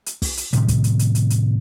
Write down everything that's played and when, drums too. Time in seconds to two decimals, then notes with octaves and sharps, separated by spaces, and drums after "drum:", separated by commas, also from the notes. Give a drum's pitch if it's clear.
0.06 drum: hi-hat
0.22 drum: kick, open hi-hat
0.37 drum: hi-hat
0.53 A2 C3 D#3 G3, drum: hi-hat
0.68 drum: kick, hi-hat
0.84 drum: hi-hat
0.99 drum: hi-hat
1.15 drum: hi-hat
1.30 drum: hi-hat